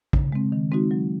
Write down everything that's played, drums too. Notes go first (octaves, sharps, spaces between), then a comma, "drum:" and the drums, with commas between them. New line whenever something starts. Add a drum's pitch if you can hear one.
C#3, drum: kick
G#3 C4
D#3
G#3 C4 D#4 F#4
F#3